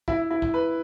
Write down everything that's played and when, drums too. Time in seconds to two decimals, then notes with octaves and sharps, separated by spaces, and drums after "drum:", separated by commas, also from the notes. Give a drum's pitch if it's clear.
0.08 E4, drum: kick
0.31 E4
0.42 drum: kick
0.54 B4